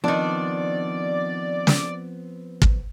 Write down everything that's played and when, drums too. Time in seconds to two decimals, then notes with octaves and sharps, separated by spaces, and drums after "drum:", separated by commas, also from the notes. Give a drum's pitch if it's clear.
0.04 D#3 F3 B3 C4 D4 D5
1.67 drum: snare
2.62 drum: kick